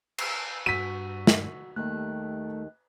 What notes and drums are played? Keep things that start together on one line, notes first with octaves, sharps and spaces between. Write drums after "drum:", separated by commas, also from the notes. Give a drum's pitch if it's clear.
C7, drum: cymbal
G2 F#4 F#5 E6 B6 D#7
drum: snare
D#2 D#3 G3 A3 F#6